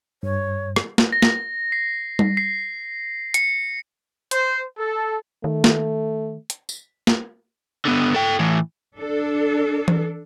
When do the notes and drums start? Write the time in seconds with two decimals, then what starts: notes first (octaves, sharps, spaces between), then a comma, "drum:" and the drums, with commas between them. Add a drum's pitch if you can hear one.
0.23 G2 C#5
0.76 drum: rim click
0.98 drum: snare
1.12 A#6
1.22 drum: snare
1.72 C7
2.19 drum: tom G3
2.37 C7
3.34 C#7, drum: hi-hat
4.31 C5, drum: hi-hat
4.78 A4
5.44 D#3 A3
5.64 drum: snare
6.50 drum: hi-hat
6.69 drum: tambourine
7.07 drum: snare
7.85 D3 B3
8.14 A4 G5
8.39 A2 E3
8.98 D4 A4
9.88 drum: tom E3